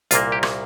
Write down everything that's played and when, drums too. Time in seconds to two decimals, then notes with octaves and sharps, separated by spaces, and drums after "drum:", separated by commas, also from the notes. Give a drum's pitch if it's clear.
0.11 C2 A#2 A#3 F4, drum: hi-hat
0.32 G4
0.43 drum: rim click